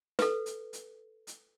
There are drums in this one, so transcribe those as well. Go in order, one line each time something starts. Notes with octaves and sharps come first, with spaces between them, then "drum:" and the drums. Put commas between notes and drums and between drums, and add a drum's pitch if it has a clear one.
A4 B4, drum: snare
drum: hi-hat
drum: hi-hat
drum: hi-hat